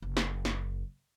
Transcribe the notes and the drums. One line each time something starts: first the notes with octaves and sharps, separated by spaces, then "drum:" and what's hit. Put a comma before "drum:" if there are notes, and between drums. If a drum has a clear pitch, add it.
F#1
drum: snare
drum: snare